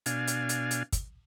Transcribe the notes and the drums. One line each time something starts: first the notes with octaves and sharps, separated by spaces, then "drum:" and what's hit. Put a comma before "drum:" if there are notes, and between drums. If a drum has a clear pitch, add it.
B2 D4 F5 G#5, drum: hi-hat
drum: hi-hat
drum: hi-hat
drum: hi-hat
drum: kick, hi-hat